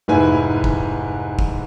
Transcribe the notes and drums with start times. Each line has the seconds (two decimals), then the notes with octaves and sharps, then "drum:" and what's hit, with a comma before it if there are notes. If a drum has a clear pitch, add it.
0.08 F1 G#2 E4 B4 G#5
0.64 drum: kick
1.39 drum: kick